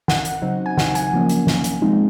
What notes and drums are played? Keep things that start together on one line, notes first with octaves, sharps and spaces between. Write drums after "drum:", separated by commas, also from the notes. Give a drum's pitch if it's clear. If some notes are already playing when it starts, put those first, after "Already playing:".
F#5, drum: snare
drum: hi-hat
C#3 F#3 C4 D#4
G#5
F#5, drum: snare
G#5, drum: hi-hat
C3 F3 A#3 C#4
drum: hi-hat
drum: snare
drum: hi-hat
F3 G#3 C4 D#4